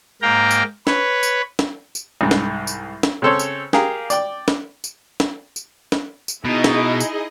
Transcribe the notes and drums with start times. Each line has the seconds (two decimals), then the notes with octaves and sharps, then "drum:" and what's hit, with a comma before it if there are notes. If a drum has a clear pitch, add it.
0.22 G#2 A#3 F5 G5 A#5
0.51 drum: tambourine
0.87 B4 C#5, drum: snare
1.23 drum: tambourine
1.59 drum: snare
1.95 drum: tambourine
2.21 C2 G#2
2.31 drum: snare
2.67 drum: tambourine
3.03 drum: snare
3.22 C#3 C4 A4 C5 C#5
3.39 drum: tambourine
3.73 G4 G#4 A#4 F5, drum: snare
4.10 D5 G5 D6, drum: tambourine
4.48 drum: snare
4.84 drum: tambourine
5.20 drum: snare
5.56 drum: tambourine
5.92 drum: snare
6.28 drum: tambourine
6.44 B2 D#4 E4 G#4 D#5
6.64 drum: snare
7.00 drum: tambourine